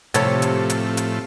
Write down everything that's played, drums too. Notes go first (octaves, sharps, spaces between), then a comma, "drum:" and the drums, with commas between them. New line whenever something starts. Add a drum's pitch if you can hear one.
A2 C3 F3 A3 A4 C#5, drum: hi-hat
drum: hi-hat
drum: hi-hat
drum: hi-hat